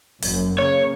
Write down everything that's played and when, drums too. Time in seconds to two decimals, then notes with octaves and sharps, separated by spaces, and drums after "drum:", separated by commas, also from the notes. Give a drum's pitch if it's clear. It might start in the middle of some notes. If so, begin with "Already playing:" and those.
0.22 F#1 F#2, drum: open hi-hat
0.59 C#3 A#3 C#5